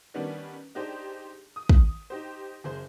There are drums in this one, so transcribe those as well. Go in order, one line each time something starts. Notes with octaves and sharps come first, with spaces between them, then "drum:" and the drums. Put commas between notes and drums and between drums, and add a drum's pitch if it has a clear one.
D#3 G3 B3 C#4 D4
D4 D#4 G4 G#4 C5
D#6
drum: kick
D#4 G4 C5
F#1 G#4 C5